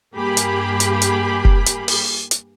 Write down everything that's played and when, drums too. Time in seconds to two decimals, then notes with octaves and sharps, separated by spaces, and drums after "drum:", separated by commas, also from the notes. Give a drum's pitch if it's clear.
0.15 G2 A#3 G4 G#4 B5
0.37 drum: hi-hat
0.80 drum: hi-hat
1.02 drum: hi-hat
1.45 drum: kick F1
1.66 drum: hi-hat
1.88 drum: open hi-hat
2.31 drum: hi-hat